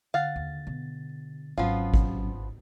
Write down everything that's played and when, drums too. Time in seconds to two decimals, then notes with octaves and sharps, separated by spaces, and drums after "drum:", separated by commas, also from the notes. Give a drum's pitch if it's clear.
0.14 D3 F5 F#5 A6
0.36 D#2
0.67 B2
1.58 G#1 F3 F#3 B3 C#4 F4
1.94 drum: kick G#1